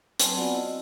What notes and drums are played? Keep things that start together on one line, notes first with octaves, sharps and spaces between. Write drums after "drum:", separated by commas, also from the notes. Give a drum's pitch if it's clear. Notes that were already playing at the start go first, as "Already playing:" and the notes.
F#3 C4 B4 G#5 A5 C6, drum: hi-hat
B3 C4 F4 F#4 D5 F#5
E4 F4 D#5